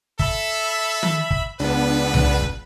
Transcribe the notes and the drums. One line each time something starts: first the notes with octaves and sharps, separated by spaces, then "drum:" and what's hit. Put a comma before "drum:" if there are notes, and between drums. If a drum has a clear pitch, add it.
A4 E5 B5, drum: kick
drum: tom D#3
drum: kick
C#2 B3 D4 B4
drum: tom C2
drum: kick